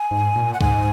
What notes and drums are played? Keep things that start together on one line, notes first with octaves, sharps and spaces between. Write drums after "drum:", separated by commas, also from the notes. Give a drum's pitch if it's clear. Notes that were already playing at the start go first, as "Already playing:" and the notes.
Already playing: G#5
G#2
A#2
F#5
G#2 G#5, drum: kick C#2